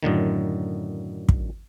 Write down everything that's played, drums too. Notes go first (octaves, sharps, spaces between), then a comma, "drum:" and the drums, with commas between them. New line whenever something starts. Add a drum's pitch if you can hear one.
F#2 A2 D3 D#3
drum: kick